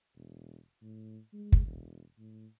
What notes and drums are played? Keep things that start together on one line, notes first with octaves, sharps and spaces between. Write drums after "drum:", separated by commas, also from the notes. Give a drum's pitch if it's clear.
E1
A2
G#3
drum: kick
E1
A2